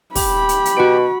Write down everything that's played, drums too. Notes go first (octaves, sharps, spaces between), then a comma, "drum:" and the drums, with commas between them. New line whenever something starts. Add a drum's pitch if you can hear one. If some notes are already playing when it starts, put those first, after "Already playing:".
G4 B5, drum: kick, open hi-hat
drum: hi-hat
drum: hi-hat
B2 F#4 D7